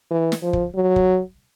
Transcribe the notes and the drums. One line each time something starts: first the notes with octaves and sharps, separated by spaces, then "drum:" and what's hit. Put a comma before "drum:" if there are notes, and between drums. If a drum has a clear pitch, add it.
E3
drum: snare
F3
drum: kick
F#3
drum: kick